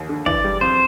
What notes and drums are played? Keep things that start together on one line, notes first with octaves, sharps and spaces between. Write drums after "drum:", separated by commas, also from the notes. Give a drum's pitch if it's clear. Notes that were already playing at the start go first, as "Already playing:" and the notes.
Already playing: D#2 A#3
D3
E3 D5, drum: kick
G3
F2 C5